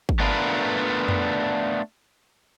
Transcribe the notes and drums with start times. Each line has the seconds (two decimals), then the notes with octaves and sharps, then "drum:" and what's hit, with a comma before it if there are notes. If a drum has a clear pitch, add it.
0.09 drum: kick
0.19 A3 B3 D4 F4 A#4 B4
1.09 drum: tom F2